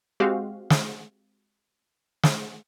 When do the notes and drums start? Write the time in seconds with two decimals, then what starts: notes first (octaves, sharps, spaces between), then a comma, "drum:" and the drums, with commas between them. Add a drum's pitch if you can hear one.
0.20 G#3 C4 F#4 G4 F5
0.70 drum: snare
2.23 drum: snare